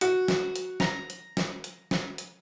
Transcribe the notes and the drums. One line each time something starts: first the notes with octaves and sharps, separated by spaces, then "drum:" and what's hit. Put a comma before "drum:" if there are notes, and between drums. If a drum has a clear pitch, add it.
F#4, drum: hi-hat
drum: snare
drum: hi-hat
A#5, drum: snare
drum: hi-hat
drum: snare
drum: hi-hat
drum: snare
drum: hi-hat